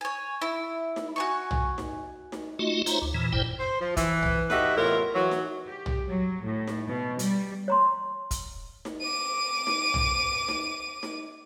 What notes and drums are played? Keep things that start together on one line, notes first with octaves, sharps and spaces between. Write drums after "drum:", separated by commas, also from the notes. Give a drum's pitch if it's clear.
C#5 G#5
E4
drum: snare D#4
F#4 G#5 C#6
drum: tom
drum: snare D#4
drum: snare D#4
A3 D#4 F4 F#4 D#5
D#4 F4 C5 C#5 E5 A#5, drum: hi-hat
D2
E2 A#2 E3
G1 G2 A#2 E4 C5 G5
C5
F3
E3, drum: kick, hi-hat
drum: tom
F#4 G4 A4 B4 D#5 E5, drum: snare D#4
E2 A2 C3 E4 F4 A#4
E3 F#3
drum: snare D#4
G4
drum: tom
F#3
A2
drum: snare D#4
B2
G3, drum: hi-hat
C#5 A#5 C6
drum: kick, hi-hat
drum: snare D#4
D6 D#7
drum: snare D#4
drum: tom
drum: snare D#4
drum: snare D#4